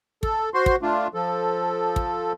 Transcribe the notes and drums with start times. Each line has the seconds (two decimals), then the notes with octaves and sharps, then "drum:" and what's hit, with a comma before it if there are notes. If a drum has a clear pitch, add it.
0.23 A4, drum: kick
0.54 F#4 C5 C6
0.66 drum: kick
0.82 A3 D4 F4
1.14 F3 A4
1.96 drum: kick